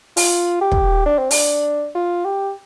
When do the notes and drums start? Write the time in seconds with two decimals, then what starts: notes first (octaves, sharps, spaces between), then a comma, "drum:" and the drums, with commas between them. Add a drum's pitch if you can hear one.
0.17 F4, drum: open hi-hat
0.61 G4
0.72 drum: kick
1.06 D4
1.18 C4
1.31 D4, drum: open hi-hat
1.95 F4
2.25 G4